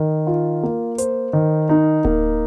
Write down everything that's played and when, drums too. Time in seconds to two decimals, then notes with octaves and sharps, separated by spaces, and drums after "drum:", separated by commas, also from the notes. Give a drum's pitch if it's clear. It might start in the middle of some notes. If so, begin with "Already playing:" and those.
Already playing: D#3 A#4
0.27 F4
0.63 A#3
0.98 C5, drum: hi-hat
1.33 D#3
1.69 D#4
2.05 A#3, drum: kick D1